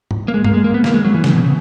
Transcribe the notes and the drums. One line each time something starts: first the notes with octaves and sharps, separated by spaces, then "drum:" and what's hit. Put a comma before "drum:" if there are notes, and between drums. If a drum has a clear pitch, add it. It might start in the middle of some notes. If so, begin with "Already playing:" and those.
drum: tom G#2
A#3
G#3
A#3, drum: tom G2
G#3
A#3
B3
A#3, drum: snare
G#3
F#3
E3
C#3, drum: snare
B2
C#3